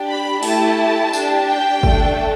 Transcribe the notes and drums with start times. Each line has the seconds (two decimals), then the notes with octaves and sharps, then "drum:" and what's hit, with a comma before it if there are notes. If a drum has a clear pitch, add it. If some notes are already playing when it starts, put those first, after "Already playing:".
Already playing: D4 G4
0.08 B5
0.43 A3 E4 G4 A5, drum: open hi-hat
1.13 D4 G4, drum: tambourine
1.48 G5
1.83 A3 D4 A4, drum: kick